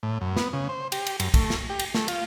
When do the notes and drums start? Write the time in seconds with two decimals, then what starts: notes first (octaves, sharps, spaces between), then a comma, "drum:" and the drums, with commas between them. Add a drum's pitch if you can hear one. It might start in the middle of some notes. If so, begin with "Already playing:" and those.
0.03 A2
0.21 F#2
0.36 B3, drum: snare
0.53 C#3
0.69 C5
0.92 G4, drum: cymbal
1.07 drum: cymbal
1.20 F#2, drum: cymbal
1.34 A3, drum: kick, cymbal
1.50 drum: snare
1.70 G4
1.79 drum: cymbal
1.94 A3, drum: snare
2.08 F4, drum: cymbal